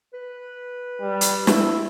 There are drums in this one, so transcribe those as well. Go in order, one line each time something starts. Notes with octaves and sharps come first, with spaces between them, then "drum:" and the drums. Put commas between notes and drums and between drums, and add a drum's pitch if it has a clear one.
B4
G3
drum: hi-hat
E4, drum: snare